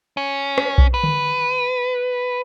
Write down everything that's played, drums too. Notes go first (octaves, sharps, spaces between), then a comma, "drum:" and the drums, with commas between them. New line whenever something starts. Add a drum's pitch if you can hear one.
C#4
drum: rim click
drum: kick B1
B4
drum: tom D3